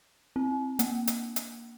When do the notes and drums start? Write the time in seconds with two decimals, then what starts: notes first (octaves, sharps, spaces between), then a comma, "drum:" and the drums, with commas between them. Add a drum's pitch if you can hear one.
0.36 C4
0.79 A#3, drum: hi-hat
1.07 drum: hi-hat
1.36 drum: hi-hat